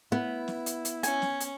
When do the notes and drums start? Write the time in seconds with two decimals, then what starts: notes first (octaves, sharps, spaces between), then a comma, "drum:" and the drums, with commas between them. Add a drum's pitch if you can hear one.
0.12 B3 E4
0.48 drum: snare
0.66 drum: hi-hat
0.85 drum: hi-hat
1.03 C#4 G#5, drum: hi-hat
1.22 drum: snare
1.40 drum: hi-hat